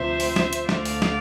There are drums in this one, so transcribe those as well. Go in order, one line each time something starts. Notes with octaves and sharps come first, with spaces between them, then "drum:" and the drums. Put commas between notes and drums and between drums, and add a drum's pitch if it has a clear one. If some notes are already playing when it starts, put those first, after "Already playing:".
Already playing: D2 C3 F3 C5 E5
drum: open hi-hat
drum: snare
drum: hi-hat
D2 D3 A3 D5 F5, drum: snare
drum: open hi-hat
drum: snare